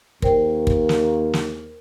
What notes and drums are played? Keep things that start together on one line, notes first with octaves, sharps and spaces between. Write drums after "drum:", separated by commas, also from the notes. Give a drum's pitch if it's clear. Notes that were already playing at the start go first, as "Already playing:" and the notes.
D#2 A#4 C5 G5, drum: kick
drum: kick
drum: snare
drum: snare